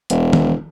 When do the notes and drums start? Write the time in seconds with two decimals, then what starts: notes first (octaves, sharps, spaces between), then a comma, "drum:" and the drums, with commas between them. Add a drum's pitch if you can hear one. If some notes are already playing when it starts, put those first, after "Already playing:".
0.10 E1, drum: hi-hat
0.33 drum: tom D#3